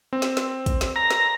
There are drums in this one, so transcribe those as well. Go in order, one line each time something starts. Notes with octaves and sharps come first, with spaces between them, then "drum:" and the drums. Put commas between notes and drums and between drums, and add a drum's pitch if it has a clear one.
C4
drum: snare
drum: snare
drum: kick, hi-hat
drum: snare
A#5
drum: snare